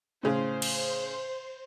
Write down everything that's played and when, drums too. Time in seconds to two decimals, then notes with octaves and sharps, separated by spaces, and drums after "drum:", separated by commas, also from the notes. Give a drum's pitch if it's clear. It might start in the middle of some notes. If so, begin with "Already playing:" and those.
0.23 A2 C#3 C5
0.62 drum: cymbal